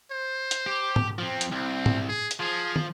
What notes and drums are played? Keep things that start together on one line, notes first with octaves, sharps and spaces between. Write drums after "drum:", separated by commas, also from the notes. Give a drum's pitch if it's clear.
C5
drum: hi-hat
G4
drum: tom G#2
F3 C4
drum: hi-hat
C2 C4
drum: tom G#2
G#4
drum: hi-hat
F3 G#4
drum: tom